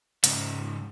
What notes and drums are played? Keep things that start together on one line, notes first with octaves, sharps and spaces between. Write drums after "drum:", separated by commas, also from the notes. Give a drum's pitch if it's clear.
C#2 G#2, drum: hi-hat